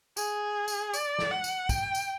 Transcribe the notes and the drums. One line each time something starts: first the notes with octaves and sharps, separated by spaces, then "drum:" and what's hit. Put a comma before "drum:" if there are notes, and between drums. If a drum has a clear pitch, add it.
G#4, drum: tambourine
drum: tambourine
D5, drum: tambourine
drum: snare
F#5
drum: tambourine
G5, drum: kick, tambourine
drum: tambourine